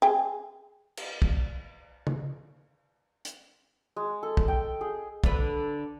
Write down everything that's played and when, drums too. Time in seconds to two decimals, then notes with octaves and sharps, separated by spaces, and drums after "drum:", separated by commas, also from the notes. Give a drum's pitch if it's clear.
0.02 G#4 G5
0.97 drum: cymbal
1.22 drum: kick
2.07 drum: tom
3.25 drum: hi-hat
3.96 G#3
4.23 A4
4.37 drum: kick
4.48 G5
4.81 G#4
5.24 D3 B4, drum: kick